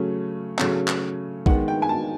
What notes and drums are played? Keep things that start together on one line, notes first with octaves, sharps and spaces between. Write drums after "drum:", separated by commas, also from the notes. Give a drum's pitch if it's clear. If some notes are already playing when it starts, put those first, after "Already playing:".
Already playing: C#3 F#3 A3 C#4
C#3 F#3 A3 C#4, drum: clap
drum: clap
D#3 G#3 B3 F#5, drum: kick
G5
G#5
A5